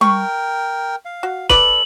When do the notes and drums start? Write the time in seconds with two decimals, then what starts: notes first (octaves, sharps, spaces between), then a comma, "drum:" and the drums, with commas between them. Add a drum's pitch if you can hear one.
0.01 A#4 G5 C#6, drum: tom G3
1.05 F5
1.23 F#4
1.50 A4 B4 D5 F#7, drum: kick